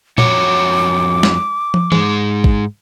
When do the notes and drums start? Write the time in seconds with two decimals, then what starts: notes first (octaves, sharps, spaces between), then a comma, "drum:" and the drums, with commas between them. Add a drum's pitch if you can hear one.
0.18 F2 F#4 C#5 D6, drum: tom A#2
1.23 drum: snare
1.74 drum: tom
1.92 G#2 G#3, drum: tom E3
2.44 drum: kick G#1